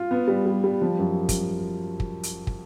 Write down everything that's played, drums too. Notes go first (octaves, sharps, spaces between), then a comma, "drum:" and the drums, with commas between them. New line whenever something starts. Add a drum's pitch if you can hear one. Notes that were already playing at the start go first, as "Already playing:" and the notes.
Already playing: F4
B3
G3
G3
G3
F3
F#2
drum: kick, hi-hat
drum: kick
drum: hi-hat
drum: kick